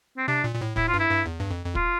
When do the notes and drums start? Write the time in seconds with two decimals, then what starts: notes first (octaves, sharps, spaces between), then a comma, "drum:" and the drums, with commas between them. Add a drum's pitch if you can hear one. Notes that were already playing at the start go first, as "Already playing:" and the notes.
0.17 C4
0.28 C3 D4
0.44 A#2
0.55 A#2
0.61 A2
0.77 A2 E4, drum: kick
0.88 F4
0.94 G2
0.99 E4
1.10 G2
1.26 E2
1.40 G2
1.51 F2
1.65 F2
1.75 F4, drum: kick